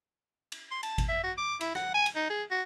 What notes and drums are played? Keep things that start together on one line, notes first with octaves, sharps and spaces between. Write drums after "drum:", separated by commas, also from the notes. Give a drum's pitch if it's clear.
drum: cymbal
C6
A5, drum: cymbal
drum: kick G#1, cymbal
E5
F#4
D6
E4, drum: cymbal
F#5, drum: rim click
G#5
drum: cymbal
D#4
G#4
F#4